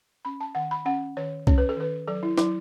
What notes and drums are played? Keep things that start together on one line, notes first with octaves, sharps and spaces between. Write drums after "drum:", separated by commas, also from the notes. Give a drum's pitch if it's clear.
C#4 B5
A5
D#3 F#5
B5
C#4 F#5
D#3 C#5
C#4 C#5, drum: kick C2
B4
A4
D#3 B4
F#3 A4
E4
F#3 E4, drum: snare